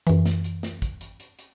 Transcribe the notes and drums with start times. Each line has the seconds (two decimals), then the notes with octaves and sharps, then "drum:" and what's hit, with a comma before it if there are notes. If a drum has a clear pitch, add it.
0.07 F#2 E3, drum: hi-hat
0.26 drum: snare
0.44 drum: hi-hat
0.63 drum: snare
0.82 drum: kick, hi-hat
1.01 drum: hi-hat
1.20 drum: hi-hat
1.39 drum: hi-hat